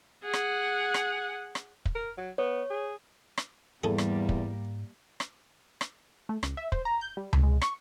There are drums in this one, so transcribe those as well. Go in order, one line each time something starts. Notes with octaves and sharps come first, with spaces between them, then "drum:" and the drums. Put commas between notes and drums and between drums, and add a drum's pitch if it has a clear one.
G#4 F#5
drum: rim click
drum: rim click
drum: rim click
drum: kick
A#4
F#3
B3 C#5
G#4
drum: rim click
E2 G#2 G3 A#3 G#4 A4
drum: rim click
drum: kick
drum: rim click
drum: rim click
A3
C#2, drum: rim click
E5
C5, drum: kick
A#5
G6
G3
drum: tom C#2
G#3
C#6, drum: rim click